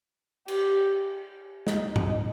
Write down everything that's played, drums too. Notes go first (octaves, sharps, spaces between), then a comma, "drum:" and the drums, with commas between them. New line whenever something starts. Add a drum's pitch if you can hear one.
G4, drum: cymbal
D#4, drum: snare
D#4, drum: tom